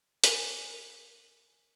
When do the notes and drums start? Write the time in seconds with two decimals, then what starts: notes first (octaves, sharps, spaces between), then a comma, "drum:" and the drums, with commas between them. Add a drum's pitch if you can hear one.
0.24 A#4 G#5, drum: hi-hat